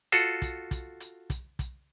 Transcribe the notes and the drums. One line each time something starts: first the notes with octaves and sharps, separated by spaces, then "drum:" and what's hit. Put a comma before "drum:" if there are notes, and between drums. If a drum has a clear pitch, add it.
F4 F#4 A4, drum: hi-hat
drum: kick, hi-hat
drum: kick, hi-hat
drum: hi-hat
drum: kick, hi-hat
drum: kick, hi-hat